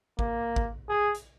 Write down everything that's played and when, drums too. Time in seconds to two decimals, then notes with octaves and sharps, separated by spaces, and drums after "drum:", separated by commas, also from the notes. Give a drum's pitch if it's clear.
0.19 A#3, drum: kick G#1
0.56 drum: kick G#1
0.89 G#4
1.14 drum: hi-hat